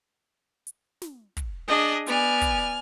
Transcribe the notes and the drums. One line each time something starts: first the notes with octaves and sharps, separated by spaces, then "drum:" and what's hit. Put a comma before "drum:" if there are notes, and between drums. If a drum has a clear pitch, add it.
drum: hi-hat
drum: snare
drum: kick, hi-hat
D4 G#4 D#5
B3 D5 G#5 F6, drum: hi-hat
drum: kick, hi-hat